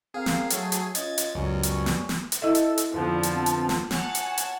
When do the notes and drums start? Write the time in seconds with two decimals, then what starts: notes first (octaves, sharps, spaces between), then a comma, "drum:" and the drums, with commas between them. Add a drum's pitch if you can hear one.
0.14 C4 G#4 A#4 F5
0.26 drum: snare
0.50 F#3 A3, drum: hi-hat
0.72 drum: hi-hat
0.95 C#4 F4 D#5 G#6 A6, drum: hi-hat
1.18 drum: hi-hat
1.35 C#2 F#2 G3 B3 C#4
1.63 drum: hi-hat
1.86 drum: snare
2.09 drum: snare
2.32 drum: hi-hat
2.42 E4 A4 D#5 E5
2.55 drum: hi-hat
2.78 drum: hi-hat
2.94 F2 D3 F3 B3 A5
3.23 drum: hi-hat
3.46 drum: hi-hat
3.69 drum: snare
3.91 C#5 F#5 G#5 A5, drum: snare
4.15 drum: hi-hat
4.38 drum: hi-hat